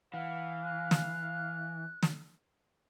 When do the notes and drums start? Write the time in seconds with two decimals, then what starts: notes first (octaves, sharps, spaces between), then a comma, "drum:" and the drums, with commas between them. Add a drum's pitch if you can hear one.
0.14 E3 F5 F#5
0.63 F#6
0.91 drum: snare
2.03 drum: snare